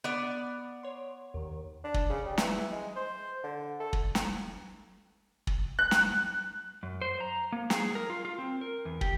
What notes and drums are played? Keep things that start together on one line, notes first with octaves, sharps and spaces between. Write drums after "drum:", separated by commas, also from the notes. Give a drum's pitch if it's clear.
B3 D5
C#5 C6
D#2 D#3
D4
drum: kick
C#3
G3
E3, drum: snare
G#3
C5
D3
A4
drum: kick
drum: snare
drum: kick
F#6
drum: snare
F#2
C5
A#5
A#3
G#4, drum: snare
A#4
F4
F4
C4
A#4
E2
G4, drum: kick